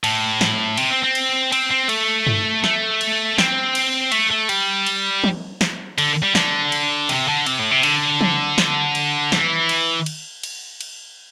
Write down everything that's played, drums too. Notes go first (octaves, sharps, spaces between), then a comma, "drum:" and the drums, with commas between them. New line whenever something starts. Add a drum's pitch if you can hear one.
A2, drum: cymbal
drum: snare
C3, drum: cymbal
C4
C4
drum: cymbal
C4, drum: cymbal
C4
A3, drum: cymbal
drum: tom G2
A3, drum: snare
drum: cymbal
C4, drum: snare
drum: cymbal
A3, drum: cymbal
A3
G3, drum: cymbal
drum: cymbal
drum: tom E3
drum: snare
D3, drum: cymbal
G3
D3, drum: snare
drum: cymbal
C3, drum: cymbal
D3
C3, drum: cymbal
A2
C3
D3, drum: cymbal
drum: tom E3
drum: snare
drum: cymbal
E3, drum: snare
drum: cymbal
drum: cymbal
drum: cymbal
drum: cymbal